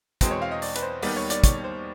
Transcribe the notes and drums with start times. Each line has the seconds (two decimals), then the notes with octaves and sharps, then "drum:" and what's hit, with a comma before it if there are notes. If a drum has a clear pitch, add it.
0.21 E2 B2 G#3 C4, drum: kick, hi-hat
0.31 C#5
0.42 F5
0.51 D#5
0.62 D5, drum: open hi-hat
0.76 B4, drum: hi-hat
0.82 C5
1.03 D#2 D#3 G3 B3 D5, drum: open hi-hat
1.16 C#5
1.30 D5, drum: hi-hat
1.44 C#5, drum: kick, hi-hat
1.64 C5